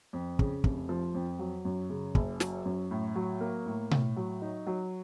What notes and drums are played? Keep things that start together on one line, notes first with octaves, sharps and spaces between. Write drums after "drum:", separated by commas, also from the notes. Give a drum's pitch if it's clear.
F2
C#3, drum: kick
F1, drum: kick
F3
F2
F#3
F#2
C#3
F#1, drum: kick
F#3, drum: snare
F#2
A2
F#3
A#3
A2
A2, drum: tom B2
F#3
D#4
F#3